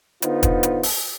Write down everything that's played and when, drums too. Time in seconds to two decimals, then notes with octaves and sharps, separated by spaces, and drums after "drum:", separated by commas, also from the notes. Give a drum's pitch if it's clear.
0.22 D3 B3 D#4 F4 C5, drum: hi-hat
0.43 drum: kick, hi-hat
0.63 drum: hi-hat
0.83 drum: open hi-hat